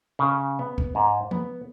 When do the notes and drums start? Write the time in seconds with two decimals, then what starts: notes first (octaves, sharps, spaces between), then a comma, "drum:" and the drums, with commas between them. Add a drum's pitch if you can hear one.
0.19 C#3
0.59 B3
0.78 drum: kick
0.95 G#2
1.31 B3, drum: tom